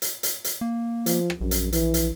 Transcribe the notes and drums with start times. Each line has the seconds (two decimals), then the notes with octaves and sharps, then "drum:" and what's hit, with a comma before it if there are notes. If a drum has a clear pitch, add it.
0.02 drum: hi-hat
0.23 drum: hi-hat
0.44 drum: hi-hat
0.61 A#3
1.06 F3, drum: hi-hat
1.30 drum: rim click
1.41 A#1 F#2
1.51 drum: hi-hat
1.73 E3, drum: hi-hat
1.94 drum: hi-hat